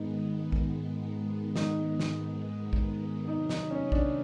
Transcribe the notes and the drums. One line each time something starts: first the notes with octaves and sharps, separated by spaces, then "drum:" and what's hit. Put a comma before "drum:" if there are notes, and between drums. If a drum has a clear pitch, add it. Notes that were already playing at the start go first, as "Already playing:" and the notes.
Already playing: G#2 D#3 G#3 B3 D#4
drum: kick
D#4, drum: snare
drum: snare
drum: kick
C3 D#3 F#3 B3 D#4
D#4, drum: snare
C#4
D4, drum: kick